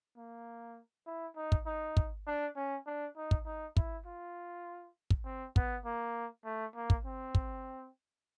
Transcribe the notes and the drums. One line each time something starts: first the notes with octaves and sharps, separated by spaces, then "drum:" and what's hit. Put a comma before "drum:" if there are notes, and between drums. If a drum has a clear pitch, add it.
A#3
E4
D#4
drum: kick
D#4
drum: kick
D4
C#4
D4
D#4
drum: kick
D#4
E4, drum: kick
F4
drum: kick
C4
B3, drum: kick
A#3
A3
A#3
drum: kick
C4
drum: kick